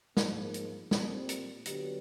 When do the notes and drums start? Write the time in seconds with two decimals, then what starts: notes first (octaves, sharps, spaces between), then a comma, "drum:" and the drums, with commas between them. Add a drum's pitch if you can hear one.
0.17 G#2 F3 A#3, drum: snare
0.54 drum: hi-hat
0.91 A#2 G3 C4, drum: snare
1.29 drum: hi-hat
1.65 D3 F#3 B3 D4 G4, drum: hi-hat